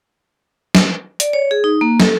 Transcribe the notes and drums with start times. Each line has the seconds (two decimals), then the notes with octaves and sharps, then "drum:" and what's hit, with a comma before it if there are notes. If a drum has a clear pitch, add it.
0.75 drum: snare
1.20 D5, drum: hi-hat
1.33 C#5
1.51 G#4
1.64 D#4
1.81 A#3
2.00 A4, drum: snare